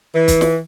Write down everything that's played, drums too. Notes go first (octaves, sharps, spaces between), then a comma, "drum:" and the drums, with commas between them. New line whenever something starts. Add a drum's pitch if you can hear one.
E3
drum: kick, hi-hat
drum: snare